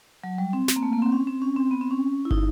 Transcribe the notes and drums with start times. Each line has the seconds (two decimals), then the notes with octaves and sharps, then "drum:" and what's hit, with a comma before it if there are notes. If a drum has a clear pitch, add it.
0.24 F#3
0.38 G3
0.53 C4
0.68 C4, drum: snare
0.76 A#3
0.83 A3
0.93 A#3
1.02 C4
1.12 C#4
1.27 C4
1.42 C#4
1.56 C4
1.71 B3
1.81 C4
1.91 C#4
2.25 E4
2.31 D#4, drum: kick